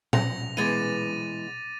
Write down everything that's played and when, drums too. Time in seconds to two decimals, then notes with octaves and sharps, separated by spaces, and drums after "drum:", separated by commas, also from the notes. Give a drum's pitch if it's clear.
0.13 F#5 A#6 F7, drum: tom A#2
0.57 E3 G#3 B3 D6 A6 D#7